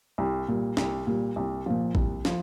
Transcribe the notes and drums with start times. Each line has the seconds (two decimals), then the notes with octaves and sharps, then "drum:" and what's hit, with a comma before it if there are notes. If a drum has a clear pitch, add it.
0.18 C2
0.48 A#2 G3
0.77 C2, drum: snare
1.07 A#2 G3
1.36 C2
1.66 A#2 F3
1.95 C2, drum: kick A1
2.25 F3, drum: snare